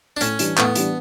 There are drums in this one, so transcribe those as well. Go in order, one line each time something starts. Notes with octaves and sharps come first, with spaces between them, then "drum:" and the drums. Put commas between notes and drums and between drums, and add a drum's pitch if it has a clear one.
D4
A2 C#4, drum: hi-hat
E3 G3 D4, drum: hi-hat
A2 B3, drum: clap
E3 G3 D4, drum: hi-hat